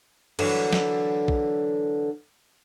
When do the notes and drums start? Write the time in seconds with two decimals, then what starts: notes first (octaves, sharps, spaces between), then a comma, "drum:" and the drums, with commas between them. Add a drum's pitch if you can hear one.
0.39 D3 E3 F#3, drum: cymbal
0.73 drum: snare
1.28 drum: kick